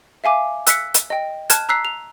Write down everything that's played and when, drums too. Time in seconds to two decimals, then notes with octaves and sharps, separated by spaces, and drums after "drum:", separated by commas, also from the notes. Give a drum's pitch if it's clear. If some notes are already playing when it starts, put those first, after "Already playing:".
0.24 E5 F5 G#5 D6
0.67 E6 F#6 B6 C#7, drum: hi-hat
0.94 drum: hi-hat
1.10 D#5 G5
1.50 A5 F6 F#6 G#6, drum: hi-hat
1.69 A#5 E6 F#6 B6 C7
1.85 F7